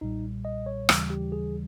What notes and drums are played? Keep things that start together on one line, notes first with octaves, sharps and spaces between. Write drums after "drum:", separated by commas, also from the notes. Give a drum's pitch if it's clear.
B1 A#2 G3 D#4
D#5
C#5
D#2 C#3 E3 G3, drum: rim click
G4
G#4